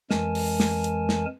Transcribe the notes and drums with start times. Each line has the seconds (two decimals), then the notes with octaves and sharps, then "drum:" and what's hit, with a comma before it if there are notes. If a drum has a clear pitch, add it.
0.11 F2 E3 G#3 A#4 G#5 A5, drum: snare
0.35 drum: open hi-hat
0.60 drum: snare
0.84 drum: hi-hat
1.09 drum: snare